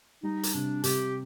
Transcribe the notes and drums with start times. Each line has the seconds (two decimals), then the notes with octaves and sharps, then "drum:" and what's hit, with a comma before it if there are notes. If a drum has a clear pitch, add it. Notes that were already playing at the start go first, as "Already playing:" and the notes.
0.23 G3 D#4
0.43 drum: hi-hat
0.54 C3 D4
0.84 C3 G4, drum: hi-hat